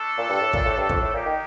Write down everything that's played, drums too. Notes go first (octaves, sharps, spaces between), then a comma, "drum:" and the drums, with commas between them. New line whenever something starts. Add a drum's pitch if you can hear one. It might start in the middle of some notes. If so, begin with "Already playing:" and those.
Already playing: A3 D4 A4
A#2
G2
A2
A#2, drum: kick
A2
G2
F2, drum: kick
A2
A#2 A#3 D#4 G4
D#3